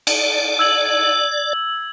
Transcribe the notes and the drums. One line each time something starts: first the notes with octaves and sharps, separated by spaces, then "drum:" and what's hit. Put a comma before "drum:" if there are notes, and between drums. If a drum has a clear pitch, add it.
D5, drum: cymbal
E6 G#6 F#7